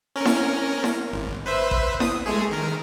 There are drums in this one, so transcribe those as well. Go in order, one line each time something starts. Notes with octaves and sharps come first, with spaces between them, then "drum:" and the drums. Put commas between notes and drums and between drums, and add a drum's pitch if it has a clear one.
C#4 A#4
drum: snare E4
drum: snare E4
G#1
B4 C5 E5
drum: kick A1
D#6, drum: snare E4
G#3 A3 G#4
D#3 A#4